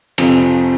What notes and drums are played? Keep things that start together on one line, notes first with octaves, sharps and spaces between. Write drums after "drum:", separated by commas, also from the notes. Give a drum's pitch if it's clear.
F2 C3 F3 C4, drum: cymbal